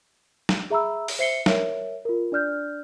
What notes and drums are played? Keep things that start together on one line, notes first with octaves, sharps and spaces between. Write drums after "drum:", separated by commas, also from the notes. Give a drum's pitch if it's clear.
drum: snare G3
G#4 E5 A#5 B5 E6
drum: open hi-hat
C5 E5 C7 C#7 G7
A#4 C#5 E5, drum: snare G3
F4 A#4
D4 D5 F6 G6